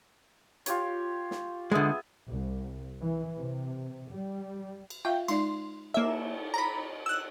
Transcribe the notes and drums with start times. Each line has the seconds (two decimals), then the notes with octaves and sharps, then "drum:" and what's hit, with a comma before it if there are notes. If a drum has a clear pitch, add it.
0.66 F4 G4 C#5, drum: hi-hat
1.31 drum: snare
1.72 D3 G#3 B3 G#4 E5
2.28 C2
3.02 E3
3.36 C3
4.11 G3
4.90 drum: cymbal
5.05 F4 E5 F5 G5
5.28 G#3 D#4 D5 C6, drum: cymbal
5.94 A#3 E5, drum: cymbal
6.54 A#5 B5
7.06 E6 F#6